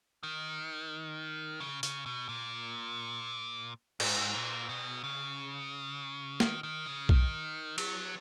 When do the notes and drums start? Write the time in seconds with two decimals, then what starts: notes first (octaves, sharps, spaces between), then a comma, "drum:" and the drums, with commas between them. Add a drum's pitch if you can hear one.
0.23 D#3
1.60 C#3
1.83 C#3, drum: hi-hat
2.06 B2
2.29 A#2
4.00 G#2, drum: cymbal
4.35 A#2
4.69 B2
5.04 C#3
6.40 D#3, drum: snare
6.63 D#3
6.86 C#3
7.09 D#3, drum: kick B1
7.78 F#3, drum: cymbal